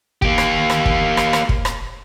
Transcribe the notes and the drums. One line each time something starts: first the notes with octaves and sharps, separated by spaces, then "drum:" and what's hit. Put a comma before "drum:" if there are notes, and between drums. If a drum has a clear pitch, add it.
A#3 G4, drum: kick
drum: rim click
drum: rim click
drum: kick
drum: rim click
drum: rim click
drum: kick
drum: rim click